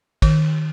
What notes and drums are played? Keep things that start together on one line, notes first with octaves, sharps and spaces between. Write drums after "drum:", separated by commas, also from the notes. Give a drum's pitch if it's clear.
D#3, drum: kick, cymbal